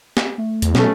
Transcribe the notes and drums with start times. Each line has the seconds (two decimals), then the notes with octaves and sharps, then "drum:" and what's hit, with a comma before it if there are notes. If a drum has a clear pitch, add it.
0.17 drum: snare
0.38 A3
0.62 E2, drum: hi-hat
0.75 B2 F#3 A3 C#4, drum: snare